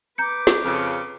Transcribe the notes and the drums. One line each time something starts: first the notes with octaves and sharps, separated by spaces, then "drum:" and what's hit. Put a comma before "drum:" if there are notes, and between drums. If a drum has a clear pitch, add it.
B4 A#5 D6 G6 C#7
drum: snare
F2 C#3